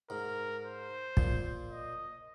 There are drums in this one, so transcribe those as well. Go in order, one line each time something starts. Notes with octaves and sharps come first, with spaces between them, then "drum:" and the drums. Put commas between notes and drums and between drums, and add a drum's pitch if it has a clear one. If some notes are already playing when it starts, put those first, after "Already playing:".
G#2 A#4
C5
A#2, drum: kick
D#5